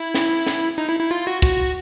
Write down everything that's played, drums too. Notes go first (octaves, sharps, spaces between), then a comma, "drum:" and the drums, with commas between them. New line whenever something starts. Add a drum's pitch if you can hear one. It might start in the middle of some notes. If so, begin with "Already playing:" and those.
Already playing: E4
drum: snare
drum: snare
D#4
E4
E4
F4
F#4
F#4, drum: kick